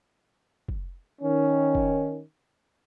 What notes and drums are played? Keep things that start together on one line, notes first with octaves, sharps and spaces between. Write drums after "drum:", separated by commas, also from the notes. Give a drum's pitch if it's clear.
drum: kick
D#3 C#4
drum: kick